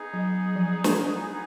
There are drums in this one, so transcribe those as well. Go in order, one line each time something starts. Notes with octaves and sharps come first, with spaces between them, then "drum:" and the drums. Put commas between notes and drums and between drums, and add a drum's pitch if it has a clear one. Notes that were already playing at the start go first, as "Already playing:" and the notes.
Already playing: B3 D#4 G#4
F#3
F3
drum: snare